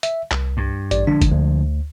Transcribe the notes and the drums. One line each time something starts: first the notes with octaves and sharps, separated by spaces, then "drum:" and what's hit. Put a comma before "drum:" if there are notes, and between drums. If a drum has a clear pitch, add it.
E5, drum: hi-hat
C2, drum: clap
G2
A1 D5, drum: hi-hat
D3 F3 G#3 D4
drum: kick G1, hi-hat
D2